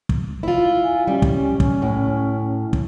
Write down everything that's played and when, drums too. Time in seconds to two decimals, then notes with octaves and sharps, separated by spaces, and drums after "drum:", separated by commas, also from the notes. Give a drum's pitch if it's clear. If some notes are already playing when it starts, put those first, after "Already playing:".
0.09 drum: kick
0.43 E4 F4
0.85 G#5
1.07 G3 C#4
1.22 drum: kick
1.60 drum: kick
1.82 A2
2.73 drum: kick